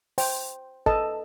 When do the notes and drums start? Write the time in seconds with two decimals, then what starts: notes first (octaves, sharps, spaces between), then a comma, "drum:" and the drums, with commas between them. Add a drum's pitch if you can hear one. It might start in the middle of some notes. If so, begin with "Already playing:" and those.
0.18 C5 G5, drum: open hi-hat
0.86 A4 B4 D#5 A5, drum: kick